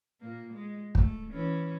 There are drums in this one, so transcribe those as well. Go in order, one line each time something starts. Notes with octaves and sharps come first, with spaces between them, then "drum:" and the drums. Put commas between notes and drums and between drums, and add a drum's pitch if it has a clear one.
A#2 A#3
G#3
A3, drum: kick
E3 C#4